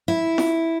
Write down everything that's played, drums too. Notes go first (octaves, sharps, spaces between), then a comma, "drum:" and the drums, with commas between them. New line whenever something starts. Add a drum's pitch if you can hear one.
E4
drum: snare F4